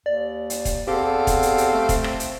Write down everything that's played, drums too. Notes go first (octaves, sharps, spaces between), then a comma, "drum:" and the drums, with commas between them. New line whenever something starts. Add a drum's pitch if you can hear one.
D#2 D5
drum: hi-hat
drum: kick, hi-hat
E2 C4 G4 A4 F5
drum: kick, hi-hat
drum: hi-hat
drum: hi-hat
A3
drum: kick, hi-hat
drum: rim click
drum: hi-hat